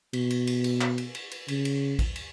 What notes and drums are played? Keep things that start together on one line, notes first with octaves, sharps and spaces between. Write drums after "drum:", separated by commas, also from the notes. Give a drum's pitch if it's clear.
B2, drum: cymbal
drum: cymbal
drum: cymbal
drum: cymbal
drum: clap
drum: cymbal
drum: cymbal
drum: cymbal
C#3, drum: cymbal
drum: cymbal
drum: kick, cymbal
drum: cymbal